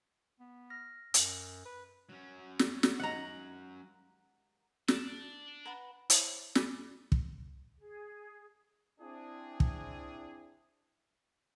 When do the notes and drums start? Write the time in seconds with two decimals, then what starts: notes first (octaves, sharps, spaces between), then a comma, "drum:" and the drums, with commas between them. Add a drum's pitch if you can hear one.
0.40 B3
0.70 F6 A#6
1.14 F#2, drum: hi-hat
1.66 B4
2.09 F#3 C#4
2.59 drum: snare
2.83 drum: snare
3.00 F#5 A#5
4.88 D4, drum: snare
5.65 B4 F#5 A#5
6.10 E4 C5 C#5 A5 D#6, drum: hi-hat
6.55 D5 G#5 B5, drum: snare
7.12 drum: kick
7.79 G#4
9.01 C4 D4 E4 G#4
9.60 drum: kick